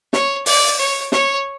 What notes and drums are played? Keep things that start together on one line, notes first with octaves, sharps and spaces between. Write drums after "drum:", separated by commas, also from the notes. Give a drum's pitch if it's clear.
C#5, drum: snare
D5, drum: open hi-hat
C#5
C#5, drum: snare